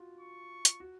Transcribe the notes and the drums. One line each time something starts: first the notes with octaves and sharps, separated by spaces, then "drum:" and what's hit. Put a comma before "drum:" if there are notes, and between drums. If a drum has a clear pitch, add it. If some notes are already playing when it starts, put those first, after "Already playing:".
Already playing: F4 F#4
C#6
drum: hi-hat
F#4